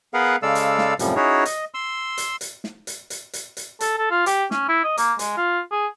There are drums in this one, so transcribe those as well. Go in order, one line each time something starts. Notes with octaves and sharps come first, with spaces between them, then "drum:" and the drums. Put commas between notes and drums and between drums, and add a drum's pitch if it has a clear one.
B3 G#4 A#4 B4 F5 F#5
C#3 G#3 A4 D5 F5 E6
drum: hi-hat
drum: snare
F#2 A2 C3 F3 G3, drum: hi-hat
C#4 D#4 E4 F#4 G#4 C#5
D#5, drum: hi-hat
C6 E6
drum: hi-hat
drum: hi-hat
drum: snare
drum: hi-hat
drum: hi-hat
drum: hi-hat
drum: hi-hat
A4, drum: hi-hat
A4
F4
G4, drum: hi-hat
C#4, drum: snare
E4
D#5
A#3, drum: hi-hat
G#3, drum: hi-hat
F4
G#4